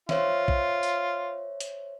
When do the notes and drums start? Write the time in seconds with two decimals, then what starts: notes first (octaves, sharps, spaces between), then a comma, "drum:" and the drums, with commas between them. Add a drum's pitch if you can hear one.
0.09 F4 C5 C#5 E5, drum: snare
0.48 drum: kick A#1
0.83 drum: tambourine
1.60 drum: hi-hat